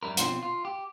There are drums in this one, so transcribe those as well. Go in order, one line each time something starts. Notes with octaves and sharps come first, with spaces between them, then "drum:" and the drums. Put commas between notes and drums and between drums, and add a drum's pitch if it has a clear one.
F#2 G3 E4 A#4
B2 F3 C4 F4, drum: hi-hat
F4
G4